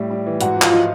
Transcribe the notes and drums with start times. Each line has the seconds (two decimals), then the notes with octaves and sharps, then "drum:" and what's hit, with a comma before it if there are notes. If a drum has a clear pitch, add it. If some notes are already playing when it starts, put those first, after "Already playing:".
Already playing: A2 G3 G4
0.10 G3
0.26 E3
0.41 G#2 F#4 F#5, drum: hi-hat
0.57 F3
0.62 F4 F5, drum: clap
0.72 F3 D#5